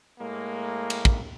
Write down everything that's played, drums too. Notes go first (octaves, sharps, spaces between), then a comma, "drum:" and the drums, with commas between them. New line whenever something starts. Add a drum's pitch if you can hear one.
A2 G#3 A#3
drum: cymbal
drum: kick